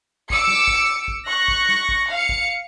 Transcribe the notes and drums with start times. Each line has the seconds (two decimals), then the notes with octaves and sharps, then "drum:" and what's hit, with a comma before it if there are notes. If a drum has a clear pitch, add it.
0.30 D6 E6 C#7, drum: kick
0.47 drum: snare
0.68 drum: kick
1.08 drum: kick
1.28 C#6 F#6 A#6
1.48 drum: kick
1.69 drum: snare
1.89 drum: kick
2.10 F5 C#7
2.29 drum: kick